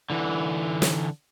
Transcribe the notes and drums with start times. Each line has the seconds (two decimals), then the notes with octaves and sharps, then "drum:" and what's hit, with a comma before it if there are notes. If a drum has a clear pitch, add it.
0.10 D3 E3
0.82 drum: snare